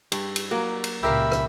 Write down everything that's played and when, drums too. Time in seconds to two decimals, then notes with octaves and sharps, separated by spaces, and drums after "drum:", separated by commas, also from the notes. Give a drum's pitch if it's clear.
0.12 G2, drum: cymbal
0.36 drum: cymbal
0.51 F#3 A#3
0.84 drum: cymbal
1.03 C#2 A#2 G4 A#4 E5 F5 B5 E6
1.32 drum: rim click